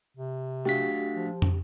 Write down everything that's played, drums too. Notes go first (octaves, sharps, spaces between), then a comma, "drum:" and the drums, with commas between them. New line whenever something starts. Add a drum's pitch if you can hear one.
C3
A3 D4 F#4 G4 F5 B6
F3
drum: tom